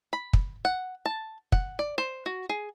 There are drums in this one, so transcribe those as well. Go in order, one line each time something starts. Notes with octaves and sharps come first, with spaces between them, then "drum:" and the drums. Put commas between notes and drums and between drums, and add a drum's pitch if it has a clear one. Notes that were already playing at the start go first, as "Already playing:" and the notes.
B5
drum: kick
F#5
A5
F#5, drum: kick
D5
C5
F#4
G#4